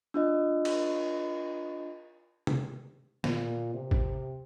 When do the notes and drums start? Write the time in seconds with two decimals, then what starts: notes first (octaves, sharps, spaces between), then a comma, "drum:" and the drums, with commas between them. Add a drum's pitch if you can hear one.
0.14 D4 F4 D#5
0.65 drum: cymbal
2.47 drum: tom
3.24 A#2, drum: snare
3.74 C3
3.91 drum: kick G#1